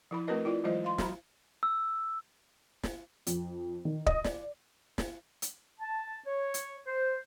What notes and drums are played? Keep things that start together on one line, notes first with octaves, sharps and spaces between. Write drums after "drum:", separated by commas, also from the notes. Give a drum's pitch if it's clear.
F3 E4 B5
A3 C4 F#4 A#4 B4 D#5
E4 F4 D5
E3 F#3 G#3 F4 C5 D#5
F5 C6
F#3 F#4 A#5 B5, drum: snare
E6
drum: snare
F2, drum: hi-hat
D#3
D#5, drum: kick
D5, drum: snare
drum: snare
drum: hi-hat
A5
C#5
drum: hi-hat
C5